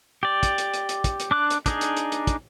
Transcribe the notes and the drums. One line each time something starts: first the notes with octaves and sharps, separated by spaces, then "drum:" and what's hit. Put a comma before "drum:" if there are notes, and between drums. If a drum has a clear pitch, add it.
G4 D5
drum: kick, hi-hat
drum: hi-hat
drum: hi-hat
drum: hi-hat
drum: kick, hi-hat
drum: hi-hat
D4 D6 F#6
drum: hi-hat
D4 D#4 G#4, drum: kick, hi-hat
drum: hi-hat
drum: hi-hat
drum: hi-hat
drum: kick, hi-hat